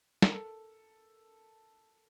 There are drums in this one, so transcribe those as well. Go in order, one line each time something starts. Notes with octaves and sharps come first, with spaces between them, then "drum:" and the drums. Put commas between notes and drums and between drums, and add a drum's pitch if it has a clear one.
A#4, drum: snare
A4